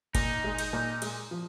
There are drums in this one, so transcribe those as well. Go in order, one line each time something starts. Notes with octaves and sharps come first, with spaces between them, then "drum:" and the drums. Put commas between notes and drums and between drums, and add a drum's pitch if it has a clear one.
A#2 D#4, drum: kick G1, cymbal
G#3
drum: cymbal
A#2
G#3, drum: cymbal
F3